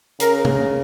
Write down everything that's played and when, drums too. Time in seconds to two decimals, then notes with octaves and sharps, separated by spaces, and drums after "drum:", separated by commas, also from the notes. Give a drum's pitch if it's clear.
0.20 C#3 A#4, drum: hi-hat
0.45 drum: tom